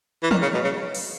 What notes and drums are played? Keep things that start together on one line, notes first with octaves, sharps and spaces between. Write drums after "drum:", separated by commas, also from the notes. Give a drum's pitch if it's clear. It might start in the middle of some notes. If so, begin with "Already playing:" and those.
E3
D#3, drum: tom
C#3
B2
C#3
drum: open hi-hat